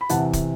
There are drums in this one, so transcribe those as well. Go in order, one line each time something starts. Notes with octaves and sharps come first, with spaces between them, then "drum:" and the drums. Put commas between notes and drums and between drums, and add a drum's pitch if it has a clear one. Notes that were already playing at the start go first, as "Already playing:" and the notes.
B5
E2 C3 E3 F#5 A5, drum: hi-hat
drum: kick, hi-hat